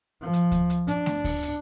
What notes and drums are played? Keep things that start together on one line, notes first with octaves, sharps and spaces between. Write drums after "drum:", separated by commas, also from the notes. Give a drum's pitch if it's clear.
F3
drum: hi-hat
drum: kick D2, hi-hat
drum: hi-hat
D4, drum: hi-hat
drum: snare A3
drum: kick D2, open hi-hat
drum: hi-hat